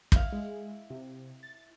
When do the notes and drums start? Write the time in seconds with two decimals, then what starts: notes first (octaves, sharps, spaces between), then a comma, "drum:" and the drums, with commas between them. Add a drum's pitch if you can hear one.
0.12 E4 F5, drum: kick
0.32 G#3
0.90 C3
1.43 A6